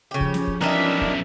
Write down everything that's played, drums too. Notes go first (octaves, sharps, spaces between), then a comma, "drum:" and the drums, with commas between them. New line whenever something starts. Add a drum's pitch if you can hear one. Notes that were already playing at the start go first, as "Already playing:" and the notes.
C#3 F3 C#4 G4
drum: kick
drum: snare
drum: kick
B1 E3 G3 D4 D#4 A#4 D#5 E5
drum: kick